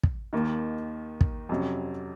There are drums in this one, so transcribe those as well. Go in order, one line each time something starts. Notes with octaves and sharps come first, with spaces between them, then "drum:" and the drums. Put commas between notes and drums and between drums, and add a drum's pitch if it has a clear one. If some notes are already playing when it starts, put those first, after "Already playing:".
drum: kick
D#2 D#3 A#3
drum: kick
F2 C3 F#3 C#4